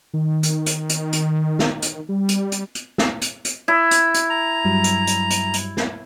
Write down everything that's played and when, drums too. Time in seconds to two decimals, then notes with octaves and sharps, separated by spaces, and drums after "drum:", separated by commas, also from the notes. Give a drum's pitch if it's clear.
0.14 D#3
0.43 drum: hi-hat
0.66 drum: hi-hat
0.89 drum: hi-hat
1.13 drum: hi-hat
1.59 drum: snare
1.82 drum: hi-hat
2.09 G3
2.29 drum: hi-hat
2.52 drum: hi-hat
2.75 drum: hi-hat
2.98 drum: snare
3.22 drum: hi-hat
3.45 drum: hi-hat
3.68 E4
3.91 drum: hi-hat
4.14 drum: hi-hat
4.30 A#5
4.65 G2 F#3 G3
4.84 drum: hi-hat
5.07 drum: hi-hat
5.30 drum: hi-hat
5.54 drum: hi-hat
5.77 drum: snare